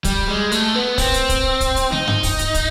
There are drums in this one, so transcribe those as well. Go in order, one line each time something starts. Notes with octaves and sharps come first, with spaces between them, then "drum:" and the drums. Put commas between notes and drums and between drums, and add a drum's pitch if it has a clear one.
G3, drum: kick, hi-hat
G#3
A3, drum: hi-hat
B3
C4, drum: kick, open hi-hat
drum: hi-hat
drum: kick, hi-hat
drum: kick, hi-hat
drum: hi-hat
D#4, drum: snare A3
drum: tom G2
drum: kick, open hi-hat
drum: hi-hat
drum: kick, hi-hat